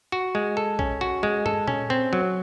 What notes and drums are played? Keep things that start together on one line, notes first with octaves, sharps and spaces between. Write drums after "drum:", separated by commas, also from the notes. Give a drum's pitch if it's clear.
F#4
G#3
A4
C#4, drum: kick
F#4
G#3
A4, drum: tom
C#4, drum: tom A#2
C4
F#3